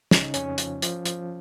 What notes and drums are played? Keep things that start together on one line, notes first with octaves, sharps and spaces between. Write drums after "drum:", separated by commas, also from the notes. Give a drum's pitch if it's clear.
C#3 C#4, drum: snare
D#4
F2 C#4, drum: hi-hat
F3, drum: hi-hat
F3, drum: hi-hat
F3, drum: hi-hat